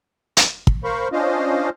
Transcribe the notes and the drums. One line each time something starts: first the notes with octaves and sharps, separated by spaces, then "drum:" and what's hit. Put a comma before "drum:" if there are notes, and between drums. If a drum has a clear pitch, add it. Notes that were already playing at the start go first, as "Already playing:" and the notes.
drum: hi-hat
drum: kick
A#4 C5 F5 B5 C#6
C#4 D4 F4 C5 D#5 F5